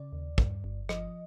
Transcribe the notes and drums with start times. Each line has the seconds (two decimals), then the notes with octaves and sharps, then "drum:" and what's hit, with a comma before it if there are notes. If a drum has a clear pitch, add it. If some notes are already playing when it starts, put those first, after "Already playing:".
Already playing: C#3 D5
0.12 D#2
0.38 G2, drum: kick
0.64 G1
0.89 F3 D#5, drum: rim click